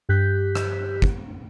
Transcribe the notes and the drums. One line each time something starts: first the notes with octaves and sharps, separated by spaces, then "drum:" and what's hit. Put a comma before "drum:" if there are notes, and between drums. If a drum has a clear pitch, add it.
G2 G4 F#6 G6 B6
drum: rim click
drum: kick